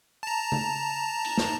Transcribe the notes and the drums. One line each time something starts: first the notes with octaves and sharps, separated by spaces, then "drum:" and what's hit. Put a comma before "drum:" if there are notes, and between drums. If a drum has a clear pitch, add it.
A5 A#5
drum: tom C#3
drum: cymbal
drum: snare